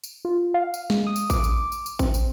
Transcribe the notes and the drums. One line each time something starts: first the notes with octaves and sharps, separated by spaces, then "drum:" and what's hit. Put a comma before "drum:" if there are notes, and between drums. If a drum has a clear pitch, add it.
drum: tambourine
F4
F5
drum: tambourine
G#3, drum: snare
D#6
drum: tambourine
D6, drum: kick A1, tambourine
drum: tambourine
drum: tambourine
drum: tambourine
C4, drum: kick A1, tambourine
drum: tambourine